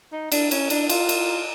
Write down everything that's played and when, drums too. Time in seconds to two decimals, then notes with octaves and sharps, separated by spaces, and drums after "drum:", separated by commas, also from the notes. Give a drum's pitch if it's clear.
0.13 D#4
0.32 D4, drum: cymbal
0.51 C#4, drum: cymbal
0.70 D4, drum: cymbal
0.89 F4, drum: cymbal
1.09 drum: cymbal